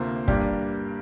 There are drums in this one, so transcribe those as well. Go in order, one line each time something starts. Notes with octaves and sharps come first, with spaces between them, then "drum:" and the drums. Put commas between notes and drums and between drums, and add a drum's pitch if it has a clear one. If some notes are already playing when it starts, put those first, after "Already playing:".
Already playing: D2 C3 A#3 F4 C5
G2 G3 A#3 D4 G4, drum: kick